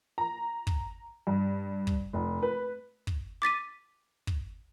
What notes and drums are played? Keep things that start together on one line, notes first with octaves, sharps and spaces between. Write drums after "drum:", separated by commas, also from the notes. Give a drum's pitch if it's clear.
A#5
drum: kick
G2
drum: kick
F1
B4
drum: kick
D6 A6 B6 D#7
drum: kick